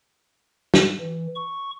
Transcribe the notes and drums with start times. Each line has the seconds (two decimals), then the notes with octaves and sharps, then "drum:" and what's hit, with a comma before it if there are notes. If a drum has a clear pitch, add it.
0.74 drum: snare
1.00 E3
1.35 C#6